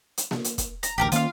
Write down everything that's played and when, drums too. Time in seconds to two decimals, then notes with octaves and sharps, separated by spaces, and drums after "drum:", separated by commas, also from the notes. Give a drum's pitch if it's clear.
0.18 drum: hi-hat
0.31 drum: snare A#3
0.44 drum: hi-hat
0.58 drum: kick, hi-hat
0.83 A#5, drum: hi-hat
0.98 A1 D2 G4 A4 A#4
1.12 D#3 A#3 C#4 F4 F5, drum: hi-hat